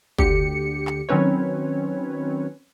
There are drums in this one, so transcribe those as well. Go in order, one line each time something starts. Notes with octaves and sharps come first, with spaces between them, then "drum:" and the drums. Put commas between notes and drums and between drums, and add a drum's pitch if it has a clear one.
D2 D3 G4 C#7, drum: kick
drum: clap
D#3 F#3 C4 C#4 B4 C#5